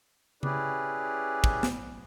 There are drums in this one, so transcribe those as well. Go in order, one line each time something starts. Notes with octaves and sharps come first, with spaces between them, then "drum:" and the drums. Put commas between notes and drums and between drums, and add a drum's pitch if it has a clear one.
C#4 E4 G4 G#4 B4 D5, drum: tom C#3
drum: kick
drum: snare